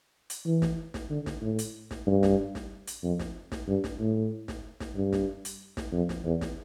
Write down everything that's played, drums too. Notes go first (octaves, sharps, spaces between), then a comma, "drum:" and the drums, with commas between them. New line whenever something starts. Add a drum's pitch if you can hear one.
drum: hi-hat
E3
drum: snare
drum: snare
D3
drum: snare
A2
drum: hi-hat
drum: snare
G2
drum: snare
drum: snare
drum: hi-hat
F2
drum: snare
drum: snare
G2
drum: snare
A2
drum: snare
drum: snare
G2
drum: snare
drum: hi-hat
drum: snare
F2
drum: snare
E2
drum: snare